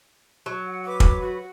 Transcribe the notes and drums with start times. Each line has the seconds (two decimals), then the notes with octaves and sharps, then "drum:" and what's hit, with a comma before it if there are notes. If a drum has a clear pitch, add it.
0.46 F#3
0.67 F#5
0.86 B4 D6
1.00 drum: kick
1.21 F#4